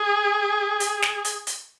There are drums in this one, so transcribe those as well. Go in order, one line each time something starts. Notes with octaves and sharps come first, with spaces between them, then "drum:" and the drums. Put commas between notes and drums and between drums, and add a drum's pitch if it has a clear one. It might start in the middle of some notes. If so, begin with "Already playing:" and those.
Already playing: G#4
drum: hi-hat
drum: snare
drum: hi-hat
drum: hi-hat